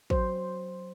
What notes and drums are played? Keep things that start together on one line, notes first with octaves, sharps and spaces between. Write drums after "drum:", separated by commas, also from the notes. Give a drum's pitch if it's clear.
F#3 C5, drum: kick